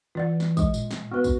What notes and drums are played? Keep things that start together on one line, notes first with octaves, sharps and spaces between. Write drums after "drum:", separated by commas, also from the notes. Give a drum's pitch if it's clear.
E3 F4 D5 F#5
drum: snare
G#3, drum: kick, tambourine
A#2, drum: tambourine
drum: snare
B3 F#4 B4
drum: kick, tambourine